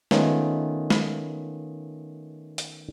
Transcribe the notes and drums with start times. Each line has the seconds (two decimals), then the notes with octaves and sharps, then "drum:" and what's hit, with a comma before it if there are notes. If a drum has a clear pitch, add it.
0.11 D#3 A3 B3 C#4 D#4 F4, drum: snare
0.90 drum: snare
2.58 drum: hi-hat